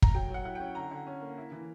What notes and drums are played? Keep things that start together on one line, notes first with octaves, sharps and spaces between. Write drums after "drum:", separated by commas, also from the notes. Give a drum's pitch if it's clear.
A#5, drum: kick
F#3 G5
F#3 F#5
E4 F#5
C#4 G5
D3 A#5
D3
C#4
A#3
E4
E3